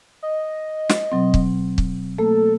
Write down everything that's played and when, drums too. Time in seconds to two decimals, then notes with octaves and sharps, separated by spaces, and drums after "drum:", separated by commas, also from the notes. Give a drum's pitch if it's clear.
0.23 D#5
0.90 drum: snare
1.12 B2 F#3 C4
1.34 drum: kick
1.78 drum: kick
2.19 A3 A#3 A4